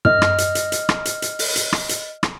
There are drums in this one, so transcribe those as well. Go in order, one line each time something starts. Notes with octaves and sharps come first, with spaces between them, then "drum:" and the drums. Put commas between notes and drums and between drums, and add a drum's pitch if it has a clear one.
D#5 F6, drum: tom
drum: rim click
drum: hi-hat
drum: hi-hat
drum: hi-hat
drum: rim click
drum: hi-hat
drum: hi-hat
drum: open hi-hat
drum: hi-hat
drum: rim click
drum: hi-hat
drum: rim click